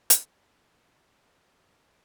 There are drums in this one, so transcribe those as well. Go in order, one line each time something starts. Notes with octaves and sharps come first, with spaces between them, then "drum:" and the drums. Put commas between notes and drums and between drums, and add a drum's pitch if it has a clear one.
D#2, drum: hi-hat
A#4